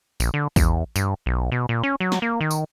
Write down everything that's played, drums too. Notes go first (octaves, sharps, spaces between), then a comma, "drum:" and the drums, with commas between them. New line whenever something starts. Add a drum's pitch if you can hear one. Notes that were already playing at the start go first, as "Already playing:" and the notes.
A#1, drum: tambourine
D3
E2, drum: kick A1, tambourine
G2, drum: tambourine
B1
B2
A#2
C#4
F#3
drum: snare
A#3
D#3
drum: tambourine